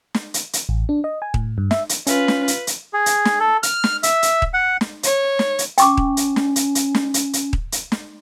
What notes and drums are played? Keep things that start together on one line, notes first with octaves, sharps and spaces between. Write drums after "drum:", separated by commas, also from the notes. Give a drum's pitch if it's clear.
drum: snare
drum: hi-hat
drum: hi-hat
A1
D4
D#5
G#5
A2, drum: kick D#1
G2
E5, drum: snare
drum: hi-hat
C#4 F4 B4, drum: hi-hat
drum: snare
drum: hi-hat
drum: hi-hat
G#4
drum: hi-hat
drum: snare
A4
F6, drum: hi-hat
drum: snare
E5, drum: hi-hat
drum: hi-hat
drum: kick D#1
F#5
drum: snare
C#5, drum: hi-hat
drum: snare
drum: hi-hat
C#4 G5 C#6 D6, drum: hi-hat
drum: kick D#1
drum: hi-hat
drum: snare
drum: hi-hat
drum: hi-hat
drum: snare
drum: hi-hat
drum: hi-hat
drum: kick D#1
drum: hi-hat
drum: snare